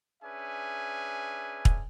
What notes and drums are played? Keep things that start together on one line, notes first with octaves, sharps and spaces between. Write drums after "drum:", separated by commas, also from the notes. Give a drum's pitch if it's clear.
C#4 D4 G#4 B4 E5 G#5
drum: kick